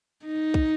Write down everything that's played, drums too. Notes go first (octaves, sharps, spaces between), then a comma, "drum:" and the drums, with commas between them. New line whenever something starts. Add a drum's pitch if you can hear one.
D#4
drum: kick